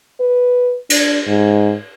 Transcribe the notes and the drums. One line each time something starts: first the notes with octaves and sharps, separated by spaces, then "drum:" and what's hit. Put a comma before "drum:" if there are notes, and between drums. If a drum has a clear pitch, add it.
B4
D4, drum: cymbal
G#2